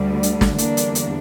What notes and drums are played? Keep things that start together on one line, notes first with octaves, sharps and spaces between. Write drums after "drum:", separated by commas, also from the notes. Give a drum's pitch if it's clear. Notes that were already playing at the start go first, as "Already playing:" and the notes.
Already playing: D2 D3 G3
drum: hi-hat
drum: snare
E2 D3 G3 A#3 D4, drum: hi-hat
drum: hi-hat
drum: hi-hat